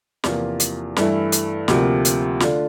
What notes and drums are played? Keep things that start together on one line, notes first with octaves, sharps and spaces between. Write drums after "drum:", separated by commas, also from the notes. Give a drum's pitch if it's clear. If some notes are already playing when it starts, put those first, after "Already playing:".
E2 C3 F3 A#3 F4, drum: snare
drum: hi-hat
G2 E3 A3 E4, drum: snare
drum: hi-hat
D2 C3 F3 A#3, drum: snare
drum: hi-hat
D3 A3 D4 F4, drum: snare